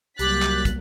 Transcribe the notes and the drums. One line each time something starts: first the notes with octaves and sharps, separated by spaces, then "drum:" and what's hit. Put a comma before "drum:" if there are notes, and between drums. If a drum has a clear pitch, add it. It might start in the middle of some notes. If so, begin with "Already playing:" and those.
C2 F#3 G3 A#3 G4 F#6 A6 B6, drum: hi-hat
drum: clap
drum: kick, hi-hat